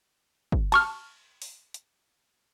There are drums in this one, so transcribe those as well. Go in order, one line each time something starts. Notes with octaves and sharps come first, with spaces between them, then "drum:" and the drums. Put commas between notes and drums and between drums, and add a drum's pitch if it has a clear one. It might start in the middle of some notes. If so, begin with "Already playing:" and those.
drum: kick
A5 C#6 F6, drum: cymbal
drum: open hi-hat
drum: hi-hat